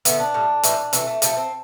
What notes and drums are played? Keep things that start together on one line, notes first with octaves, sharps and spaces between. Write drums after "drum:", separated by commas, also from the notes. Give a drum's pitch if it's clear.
D3 A3 B3, drum: hi-hat
D4
A2 G3
A2 E3 G3, drum: hi-hat
C3 E3 A3 C4, drum: hi-hat
A3
C3 F3 A3 B3, drum: hi-hat
C4